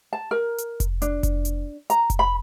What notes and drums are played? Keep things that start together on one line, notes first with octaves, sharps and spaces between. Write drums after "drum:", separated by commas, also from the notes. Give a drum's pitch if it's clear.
A5
A#4
drum: hi-hat
drum: kick F1, hi-hat
D4, drum: hi-hat
drum: kick F1, hi-hat
drum: hi-hat
A#5, drum: hi-hat
drum: kick F1, hi-hat
B5